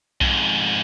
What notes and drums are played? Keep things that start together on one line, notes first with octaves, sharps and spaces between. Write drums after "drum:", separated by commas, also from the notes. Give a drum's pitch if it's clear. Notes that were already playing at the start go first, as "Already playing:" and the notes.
F2 G#2, drum: kick B1